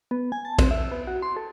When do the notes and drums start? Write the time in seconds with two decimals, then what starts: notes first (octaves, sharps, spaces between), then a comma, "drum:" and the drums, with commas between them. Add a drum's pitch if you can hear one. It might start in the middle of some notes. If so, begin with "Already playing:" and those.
0.11 B3
0.32 G#5
0.45 A5
0.59 C4, drum: kick, cymbal
0.71 E5
0.92 B3
1.07 F#4
1.22 C6
1.37 A4